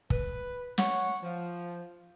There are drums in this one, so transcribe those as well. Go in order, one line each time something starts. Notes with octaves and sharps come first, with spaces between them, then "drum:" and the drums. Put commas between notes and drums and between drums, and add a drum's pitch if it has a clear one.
B4, drum: kick
C#5 F#5, drum: snare
F3